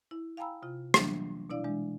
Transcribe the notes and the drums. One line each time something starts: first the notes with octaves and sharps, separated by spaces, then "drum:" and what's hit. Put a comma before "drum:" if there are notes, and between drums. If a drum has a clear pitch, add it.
E4
F5 G5 G#5 A#5 B5 E6
C3 F4
E3 F#3 G3 A#3 B3 D4, drum: rim click
B2 D4 E4 D5 F5
E3 G#3 D4